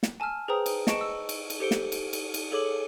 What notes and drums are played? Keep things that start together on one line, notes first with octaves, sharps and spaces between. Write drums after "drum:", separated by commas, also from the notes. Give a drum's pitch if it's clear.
drum: snare
G#5 A5 E6 F6
G#4 B4 C5 G5 A#5 D#6
drum: cymbal
D#5 A5 C#6 C#7 D7 E7, drum: snare
E6
drum: cymbal
drum: cymbal
G4 A4 C5 C#7 D7 G7
drum: snare
drum: cymbal
drum: cymbal
drum: cymbal
G#4 A4 C#5 D6 F#7